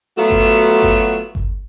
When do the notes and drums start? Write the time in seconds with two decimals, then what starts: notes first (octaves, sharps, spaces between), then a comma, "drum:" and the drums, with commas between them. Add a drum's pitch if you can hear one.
0.17 F#3 A3 B3 F4 F#4
0.31 drum: kick G1
0.83 drum: kick G1
1.35 drum: kick G1